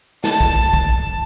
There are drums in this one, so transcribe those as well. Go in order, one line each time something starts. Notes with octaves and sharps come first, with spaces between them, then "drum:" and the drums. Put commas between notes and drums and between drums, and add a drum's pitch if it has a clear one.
A5, drum: snare
drum: kick
drum: kick